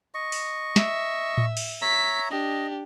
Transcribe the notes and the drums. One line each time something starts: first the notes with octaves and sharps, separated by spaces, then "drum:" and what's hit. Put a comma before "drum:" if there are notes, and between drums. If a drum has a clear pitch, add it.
D#5 C#6
drum: open hi-hat
E5, drum: snare
drum: tom A2
drum: cymbal
C#5 E5 A#5 B6
D4 G4 D#5